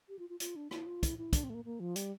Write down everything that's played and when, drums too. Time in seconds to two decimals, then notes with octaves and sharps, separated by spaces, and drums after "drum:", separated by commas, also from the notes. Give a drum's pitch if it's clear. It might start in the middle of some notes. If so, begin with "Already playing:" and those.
0.09 G4
0.19 F4
0.30 F4
0.40 F4, drum: hi-hat
0.56 D4
0.71 E4, drum: rim click
0.86 F4
1.03 E4, drum: kick, hi-hat
1.18 E4
1.33 D4, drum: kick, hi-hat
1.44 C4
1.50 A3
1.54 A#3
1.65 A#3
1.80 F3
1.96 G3, drum: hi-hat